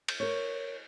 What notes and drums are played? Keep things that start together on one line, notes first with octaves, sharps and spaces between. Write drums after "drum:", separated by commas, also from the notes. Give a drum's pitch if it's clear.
drum: cymbal
A#4 C#5